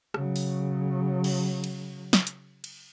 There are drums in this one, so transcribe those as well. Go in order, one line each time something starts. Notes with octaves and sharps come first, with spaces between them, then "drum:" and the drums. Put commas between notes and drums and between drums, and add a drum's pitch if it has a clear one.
C#3 F#3, drum: rim click
drum: open hi-hat
drum: cymbal
drum: cymbal
drum: snare
drum: hi-hat
drum: cymbal